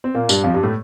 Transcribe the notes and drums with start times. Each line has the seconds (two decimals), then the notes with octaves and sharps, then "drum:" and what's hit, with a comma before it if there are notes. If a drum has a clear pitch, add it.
0.04 C4
0.15 A#2 A#3
0.29 G2 G3, drum: tambourine
0.44 F2 F3
0.54 G2 G3
0.63 A2 A3